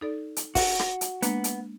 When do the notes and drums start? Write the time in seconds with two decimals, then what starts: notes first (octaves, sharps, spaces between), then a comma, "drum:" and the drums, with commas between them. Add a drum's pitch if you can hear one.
0.01 D#4 A4 D5
0.36 drum: hi-hat
0.55 F#4, drum: kick, open hi-hat
0.79 drum: rim click
1.01 drum: hi-hat
1.22 G#3 A#3 B3 D4, drum: hi-hat
1.44 drum: hi-hat